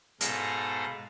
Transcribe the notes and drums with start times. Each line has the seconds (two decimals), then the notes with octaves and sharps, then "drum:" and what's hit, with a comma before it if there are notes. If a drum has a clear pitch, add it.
0.21 G#2 B2 G#4 A4 F5 A#6, drum: hi-hat